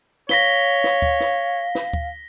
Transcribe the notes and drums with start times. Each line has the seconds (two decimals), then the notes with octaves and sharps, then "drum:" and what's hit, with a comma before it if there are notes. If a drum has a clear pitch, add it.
0.29 C#5 F5 A#6 B6 G7, drum: snare
0.84 drum: snare
1.02 drum: kick D2
1.20 drum: snare
1.75 drum: snare
1.93 drum: kick D2